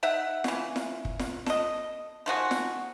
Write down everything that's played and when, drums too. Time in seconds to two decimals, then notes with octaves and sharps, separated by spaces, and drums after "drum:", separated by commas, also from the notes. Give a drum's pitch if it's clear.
0.03 D#4 E5 F#5
0.44 C#3 E3, drum: snare
0.76 drum: snare
1.05 drum: kick
1.19 drum: snare
1.46 A4 D#5, drum: snare
2.26 D#3 F3 F#4 G#4
2.51 drum: snare